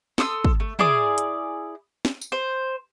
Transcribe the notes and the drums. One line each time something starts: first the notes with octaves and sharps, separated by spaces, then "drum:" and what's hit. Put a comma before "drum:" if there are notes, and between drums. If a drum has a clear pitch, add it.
A4 C6 D#6 E6, drum: snare
drum: kick
A3
E4 G#4 D5 D#6, drum: tom
drum: hi-hat
drum: snare
drum: tambourine
C5